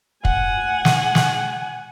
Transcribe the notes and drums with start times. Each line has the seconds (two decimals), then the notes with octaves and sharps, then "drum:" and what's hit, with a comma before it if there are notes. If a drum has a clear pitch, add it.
0.25 F#5 G#5, drum: kick
0.85 drum: snare
1.15 drum: snare